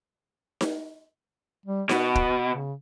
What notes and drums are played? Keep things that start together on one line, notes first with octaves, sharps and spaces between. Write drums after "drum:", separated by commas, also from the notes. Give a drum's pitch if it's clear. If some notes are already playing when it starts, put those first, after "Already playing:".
drum: snare D#4
G3
B2 F#4, drum: snare D#4
drum: kick
C#3